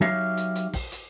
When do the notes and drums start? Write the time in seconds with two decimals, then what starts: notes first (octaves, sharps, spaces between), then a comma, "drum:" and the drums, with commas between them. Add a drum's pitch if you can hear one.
0.01 F#3 D#4 G4 C#5 E5 F5
0.37 drum: hi-hat
0.55 drum: hi-hat
0.74 drum: kick, open hi-hat
0.92 drum: hi-hat